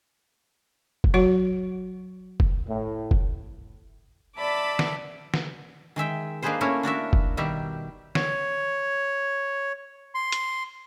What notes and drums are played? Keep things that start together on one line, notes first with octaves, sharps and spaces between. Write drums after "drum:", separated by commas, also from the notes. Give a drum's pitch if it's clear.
drum: kick F1
F#3 F#4 C#5 F#5
drum: kick F1
A2
drum: kick F1
D5 E5 A5 B5 D6
drum: snare
drum: snare
D#3 G#3 E5 G5
A#3 D4 D#4 G#4 B4 C5
A3 A#3 C#4 E4 A#4 C#5
D4 F#4 A#4 E5
drum: kick F1
B2 D#3 G3 G4 E5 A#5
C#5, drum: snare
C6
drum: hi-hat